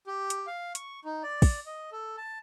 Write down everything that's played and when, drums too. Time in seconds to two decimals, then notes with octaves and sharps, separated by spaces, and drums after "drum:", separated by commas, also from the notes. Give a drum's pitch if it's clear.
0.07 G4
0.30 drum: hi-hat
0.47 F5
0.75 C#6, drum: hi-hat
1.05 D#4
1.23 D5
1.42 drum: kick, open hi-hat
1.66 D#5
1.92 A4
2.17 A5